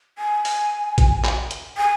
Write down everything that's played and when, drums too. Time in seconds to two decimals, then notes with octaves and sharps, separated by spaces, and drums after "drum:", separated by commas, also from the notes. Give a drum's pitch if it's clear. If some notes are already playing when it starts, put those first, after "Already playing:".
0.18 G#5
0.45 drum: open hi-hat
0.98 drum: kick, hi-hat
1.24 drum: clap
1.51 drum: hi-hat
1.78 G#5